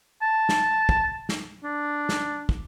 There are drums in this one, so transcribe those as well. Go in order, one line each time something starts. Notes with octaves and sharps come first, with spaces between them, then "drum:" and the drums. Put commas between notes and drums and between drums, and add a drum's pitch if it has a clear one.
A5
drum: snare
drum: kick
drum: snare
D4
drum: snare
drum: kick